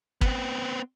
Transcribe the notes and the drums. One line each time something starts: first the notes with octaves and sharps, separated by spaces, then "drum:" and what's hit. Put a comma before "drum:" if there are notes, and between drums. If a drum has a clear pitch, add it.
B3 C4, drum: kick